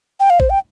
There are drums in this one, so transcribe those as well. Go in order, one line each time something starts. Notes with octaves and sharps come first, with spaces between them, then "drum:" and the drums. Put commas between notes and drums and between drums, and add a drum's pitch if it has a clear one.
G5
F5
C5, drum: kick A1
G5